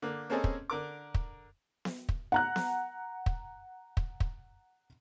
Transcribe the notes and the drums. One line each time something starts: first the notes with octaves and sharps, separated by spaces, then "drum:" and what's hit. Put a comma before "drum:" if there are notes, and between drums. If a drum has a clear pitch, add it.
D3 A#3
A#3 C4 C#4 G#4 A4 D#5
drum: kick
D3 A#4 D6
drum: kick
drum: snare B3
drum: kick
F#5 A#5 F#6
drum: snare B3
drum: kick
drum: kick
drum: kick